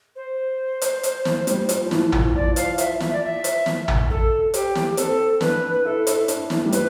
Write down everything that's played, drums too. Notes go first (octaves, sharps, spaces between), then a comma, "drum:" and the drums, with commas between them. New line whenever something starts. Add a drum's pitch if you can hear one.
C5
drum: hi-hat
drum: hi-hat
drum: snare
G3, drum: hi-hat
F3, drum: hi-hat
F3
E3, drum: snare
F3, drum: tom A#1
F3 D5
F5, drum: hi-hat
E5, drum: hi-hat
E5, drum: snare
D5
E5
drum: hi-hat
drum: snare
drum: tom A#1
A4
G4, drum: hi-hat
drum: snare
G4
C4 A4, drum: hi-hat
D4 B4, drum: snare
B4
E4 A4
E4, drum: hi-hat
D4, drum: hi-hat
E3, drum: snare
G3
F3 B4, drum: hi-hat